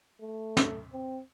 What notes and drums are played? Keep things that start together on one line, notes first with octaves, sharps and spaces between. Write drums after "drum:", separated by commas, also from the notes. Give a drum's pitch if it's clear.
A3
drum: snare
C4